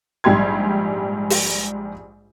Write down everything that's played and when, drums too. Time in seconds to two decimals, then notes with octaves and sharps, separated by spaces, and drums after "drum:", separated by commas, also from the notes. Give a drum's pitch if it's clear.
0.24 A#1 G#2 G3 G4 C6 G#6
1.30 drum: open hi-hat